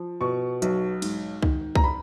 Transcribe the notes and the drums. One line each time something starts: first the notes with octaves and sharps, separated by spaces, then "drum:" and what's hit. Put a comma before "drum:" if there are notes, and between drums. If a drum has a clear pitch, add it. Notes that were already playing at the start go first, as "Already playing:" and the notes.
Already playing: F3
B2 C#6
B1, drum: hi-hat
G#2, drum: cymbal
D#3, drum: kick C2
A#5, drum: kick C2
B5